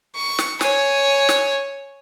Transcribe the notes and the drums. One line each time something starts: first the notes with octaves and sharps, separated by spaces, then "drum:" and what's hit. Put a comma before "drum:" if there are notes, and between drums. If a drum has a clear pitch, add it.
C#6
drum: snare
C#5 G#5, drum: snare
drum: snare